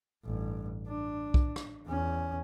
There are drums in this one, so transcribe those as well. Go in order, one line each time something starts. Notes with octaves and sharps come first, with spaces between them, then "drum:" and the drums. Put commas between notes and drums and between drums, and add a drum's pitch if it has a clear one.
A1 G2
D4
drum: kick B1
drum: rim click
E2 C#4